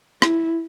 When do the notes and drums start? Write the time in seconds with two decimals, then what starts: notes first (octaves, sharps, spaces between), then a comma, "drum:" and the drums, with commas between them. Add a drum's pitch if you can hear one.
0.22 E4, drum: rim click